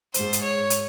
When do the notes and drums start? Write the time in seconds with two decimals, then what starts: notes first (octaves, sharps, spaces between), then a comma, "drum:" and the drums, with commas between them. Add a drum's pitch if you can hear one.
0.14 G#2 C5, drum: hi-hat
0.33 drum: hi-hat
0.43 C#5
0.70 drum: hi-hat